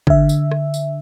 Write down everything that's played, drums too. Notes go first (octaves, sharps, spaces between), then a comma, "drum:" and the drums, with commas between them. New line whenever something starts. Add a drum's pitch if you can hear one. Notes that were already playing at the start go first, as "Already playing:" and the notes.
D3 E5, drum: kick
drum: tambourine
drum: rim click
drum: tambourine